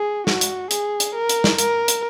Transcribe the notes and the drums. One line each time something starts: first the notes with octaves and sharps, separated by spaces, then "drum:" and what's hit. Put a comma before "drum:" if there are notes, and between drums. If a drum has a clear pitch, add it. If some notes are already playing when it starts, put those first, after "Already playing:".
Already playing: G#4
F#4, drum: snare
drum: hi-hat
G#4, drum: hi-hat
drum: hi-hat
A#4
drum: hi-hat
drum: snare
A#4, drum: hi-hat
drum: hi-hat